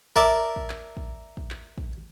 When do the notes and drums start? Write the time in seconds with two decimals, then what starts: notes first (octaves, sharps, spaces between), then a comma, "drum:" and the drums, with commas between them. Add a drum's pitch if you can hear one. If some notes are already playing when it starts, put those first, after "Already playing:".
0.16 A#4 D5 E5 A5, drum: kick
0.56 drum: kick
0.70 drum: clap
0.97 drum: kick
1.37 drum: kick
1.51 drum: clap
1.78 drum: kick